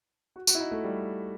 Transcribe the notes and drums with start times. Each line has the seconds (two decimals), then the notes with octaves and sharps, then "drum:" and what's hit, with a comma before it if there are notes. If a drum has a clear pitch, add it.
0.36 F#4
0.47 F#4, drum: tambourine
0.55 E4
0.60 D#4
0.71 A3
0.84 G3